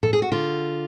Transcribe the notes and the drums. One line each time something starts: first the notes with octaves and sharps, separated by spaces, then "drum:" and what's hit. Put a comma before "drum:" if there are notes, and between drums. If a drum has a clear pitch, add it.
A4, drum: tom A2
G#4
F#4
D3 F4